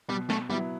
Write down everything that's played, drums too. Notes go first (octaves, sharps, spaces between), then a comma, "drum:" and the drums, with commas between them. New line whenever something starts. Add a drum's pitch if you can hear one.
B2 G3
A3, drum: snare
F#3 G3 B3 E4